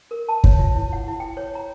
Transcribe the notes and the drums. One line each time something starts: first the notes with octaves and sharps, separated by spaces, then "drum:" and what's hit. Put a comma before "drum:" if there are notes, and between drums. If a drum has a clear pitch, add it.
A#4
A5
C#5, drum: kick
F4
E4
F#5
E4
G5
C#5
A#5